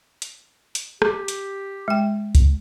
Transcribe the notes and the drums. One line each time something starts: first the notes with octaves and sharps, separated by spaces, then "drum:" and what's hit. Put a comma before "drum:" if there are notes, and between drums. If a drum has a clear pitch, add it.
drum: hi-hat
drum: hi-hat
G4, drum: rim click
drum: hi-hat
G#3 G5
drum: kick C2, hi-hat